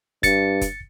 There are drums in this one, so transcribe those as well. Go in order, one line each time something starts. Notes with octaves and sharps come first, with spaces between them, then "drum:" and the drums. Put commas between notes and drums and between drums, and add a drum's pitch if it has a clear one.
G2 A6 C#7, drum: kick F#1, hi-hat
drum: kick F#1, hi-hat